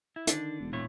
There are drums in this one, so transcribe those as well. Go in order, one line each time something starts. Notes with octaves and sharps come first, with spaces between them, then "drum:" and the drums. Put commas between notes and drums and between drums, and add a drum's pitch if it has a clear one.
E4
D3 D#3 D4, drum: hi-hat
E1
A#2 E4 C#5